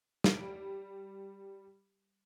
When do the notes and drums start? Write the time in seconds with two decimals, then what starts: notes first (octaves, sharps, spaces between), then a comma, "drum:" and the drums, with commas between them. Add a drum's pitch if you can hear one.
0.24 G3 D7, drum: snare